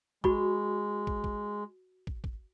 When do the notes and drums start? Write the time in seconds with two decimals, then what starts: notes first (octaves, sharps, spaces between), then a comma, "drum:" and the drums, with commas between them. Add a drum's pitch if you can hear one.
0.24 G#3 F#4 B5 C#6, drum: kick
1.07 drum: kick
1.24 drum: kick
2.07 drum: kick
2.24 drum: kick